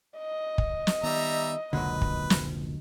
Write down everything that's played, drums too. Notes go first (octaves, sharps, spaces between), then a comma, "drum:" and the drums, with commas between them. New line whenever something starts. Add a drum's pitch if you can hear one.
D#5
drum: kick
drum: snare
D#3 G3 B3 E5 A#5
F1 C#2 A#2 D3 F#3 B4
drum: kick
drum: snare